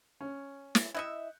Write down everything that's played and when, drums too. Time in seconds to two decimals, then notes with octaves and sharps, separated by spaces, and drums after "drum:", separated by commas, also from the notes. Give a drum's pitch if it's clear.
0.21 C#4
0.75 drum: snare
0.95 E4 D#5 E5 F#6 G6 C#7